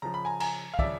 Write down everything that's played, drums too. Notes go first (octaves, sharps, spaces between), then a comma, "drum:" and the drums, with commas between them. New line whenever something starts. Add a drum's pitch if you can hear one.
C#3 F3 A#5
B5
G#5 A#5
G#5 A#5, drum: cymbal
F5
C#3 F3 D5 E5, drum: kick